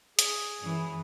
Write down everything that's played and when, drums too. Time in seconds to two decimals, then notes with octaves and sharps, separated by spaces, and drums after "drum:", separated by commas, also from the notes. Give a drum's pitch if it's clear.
0.19 G#4, drum: hi-hat
0.60 F#2 E3